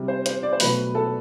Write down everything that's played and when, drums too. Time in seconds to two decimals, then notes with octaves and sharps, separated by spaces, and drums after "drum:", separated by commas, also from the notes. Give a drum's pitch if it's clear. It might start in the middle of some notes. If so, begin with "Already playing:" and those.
Already playing: C3 G3
0.08 C5
0.26 C5, drum: hi-hat
0.43 D5
0.52 C5
0.60 B2 F#3 A3 B4, drum: open hi-hat
0.95 A4